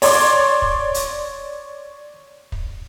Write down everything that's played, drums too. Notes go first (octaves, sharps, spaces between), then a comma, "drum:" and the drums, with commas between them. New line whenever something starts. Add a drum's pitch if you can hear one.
C#5 D5 C6 D6, drum: open hi-hat
drum: kick
drum: hi-hat
drum: kick